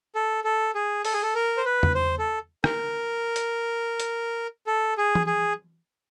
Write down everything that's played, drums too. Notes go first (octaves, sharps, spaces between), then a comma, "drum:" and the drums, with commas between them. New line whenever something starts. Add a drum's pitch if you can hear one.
A4
A4
G#4
A4, drum: open hi-hat
G#4
A4
A#4
C5
B4
drum: tom E2
C5
A4
A#4, drum: rim click
drum: hi-hat
drum: hi-hat
A4
G#4
drum: tom E3
G#4